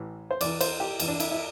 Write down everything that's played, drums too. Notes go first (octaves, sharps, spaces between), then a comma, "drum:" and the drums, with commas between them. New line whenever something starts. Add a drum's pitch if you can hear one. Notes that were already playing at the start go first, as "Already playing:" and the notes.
Already playing: A1 A2 E3
C5
E2 E3 D5, drum: cymbal
C5, drum: cymbal
G4
E2 E3, drum: cymbal
D4
E4, drum: cymbal
E4